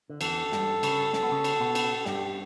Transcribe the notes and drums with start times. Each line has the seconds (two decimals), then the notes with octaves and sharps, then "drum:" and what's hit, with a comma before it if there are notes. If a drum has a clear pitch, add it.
0.10 D3
0.21 E2 E3 A4, drum: cymbal
0.52 G2 G3, drum: snare
0.83 C#3 C#4, drum: cymbal
1.13 C#4 A4, drum: snare
1.23 B3
1.32 C#3 C#4
1.44 drum: cymbal
1.60 B2 B3
1.75 drum: cymbal
2.06 G2 G3 G4, drum: snare